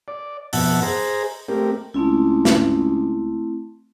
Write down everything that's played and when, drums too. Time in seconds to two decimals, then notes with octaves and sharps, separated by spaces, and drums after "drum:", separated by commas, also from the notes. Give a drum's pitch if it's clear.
0.08 D5
0.53 F2 B2 E5 F#5 A5, drum: open hi-hat
0.83 G#4 C5 A#5
1.48 A3 C4 G4 A#4
1.94 C#2 A3 C4 E4
2.45 drum: snare